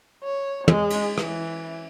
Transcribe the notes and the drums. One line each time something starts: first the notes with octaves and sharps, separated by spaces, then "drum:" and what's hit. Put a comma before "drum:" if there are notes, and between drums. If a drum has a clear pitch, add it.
C#5
G#3, drum: tom
drum: cymbal
E3, drum: rim click